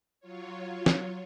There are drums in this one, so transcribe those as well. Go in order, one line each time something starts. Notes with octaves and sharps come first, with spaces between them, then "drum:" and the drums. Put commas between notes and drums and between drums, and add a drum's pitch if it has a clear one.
F#3 F4 C#5
drum: snare